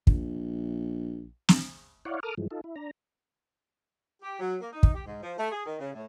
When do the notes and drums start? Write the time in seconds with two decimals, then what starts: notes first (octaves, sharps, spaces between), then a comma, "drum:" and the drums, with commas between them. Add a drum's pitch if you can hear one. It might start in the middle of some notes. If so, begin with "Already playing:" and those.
0.07 A#1, drum: kick
1.49 drum: snare
2.05 E4 C#5 D5 F5 F#5
2.23 A4 A#4 D6 D#6 F6
2.38 G2 E3 F3 G#3
2.51 D#4 F4 A4
2.64 E4
2.76 D4 A#5
4.22 G4
4.39 F#3
4.61 A#3
4.73 D#4
4.83 drum: kick
4.94 G4
5.06 G#2
5.23 F3
5.38 A3
5.52 G#4
5.66 D#3
5.80 C#3
5.94 A2